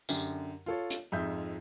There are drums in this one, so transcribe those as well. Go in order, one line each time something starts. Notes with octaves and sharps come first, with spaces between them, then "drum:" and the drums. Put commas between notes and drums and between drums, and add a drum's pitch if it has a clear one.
F#2 D3 G4, drum: tambourine
F4 A4 C#5
drum: hi-hat
F2 G#2 F3 D#4 E5 G6